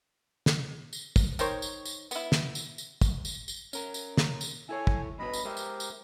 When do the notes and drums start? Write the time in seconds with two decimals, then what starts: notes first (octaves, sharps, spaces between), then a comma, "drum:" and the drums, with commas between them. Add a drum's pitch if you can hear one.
0.46 drum: snare
0.93 drum: tambourine
1.16 drum: kick, tambourine
1.39 D#3 A#4 C5 C#5, drum: tambourine
1.62 drum: tambourine
1.85 drum: tambourine
2.11 B3 E4, drum: tambourine
2.32 drum: snare
2.55 drum: tambourine
2.78 drum: tambourine
3.01 drum: kick, tambourine
3.25 drum: tambourine
3.48 drum: tambourine
3.73 C#4 A#4, drum: tambourine
3.94 drum: tambourine
4.17 drum: snare
4.41 drum: tambourine
4.69 E4 A4 C#5 G#5
4.87 drum: kick
5.19 G2 B2 B4 D#5 B5
5.34 drum: tambourine
5.45 G#3 G4 A#4 C5 E5
5.57 drum: tambourine
5.80 drum: tambourine